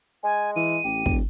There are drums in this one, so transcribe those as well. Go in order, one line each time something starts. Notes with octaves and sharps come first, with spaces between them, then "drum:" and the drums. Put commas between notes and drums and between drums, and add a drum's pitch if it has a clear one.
G#3 G#5
E3 D#7
A1 G4
E1, drum: kick